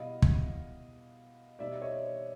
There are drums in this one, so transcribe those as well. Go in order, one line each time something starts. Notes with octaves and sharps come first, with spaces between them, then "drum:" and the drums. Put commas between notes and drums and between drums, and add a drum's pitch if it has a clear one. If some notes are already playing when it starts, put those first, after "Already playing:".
Already playing: B2 G3 B3 E4 D#5 F5
drum: kick
B2 G3 C4 D#4 D5 E5
C#5 D#5
C5 D5